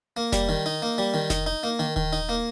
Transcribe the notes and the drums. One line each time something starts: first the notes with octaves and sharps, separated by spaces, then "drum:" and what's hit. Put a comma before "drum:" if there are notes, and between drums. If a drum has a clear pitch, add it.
A#3
G3, drum: snare F1
D#3
D#4
A#3
G3
D#3
D#4, drum: snare F1
D#4
A#3
D#3
D#3, drum: kick D#1
D#4
A#3